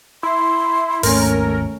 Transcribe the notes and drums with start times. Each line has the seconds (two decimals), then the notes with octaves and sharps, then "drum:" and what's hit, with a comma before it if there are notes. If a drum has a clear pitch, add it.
0.23 E4 C6
1.03 G#1 D#2 G#2 A3 C#4 A#4, drum: open hi-hat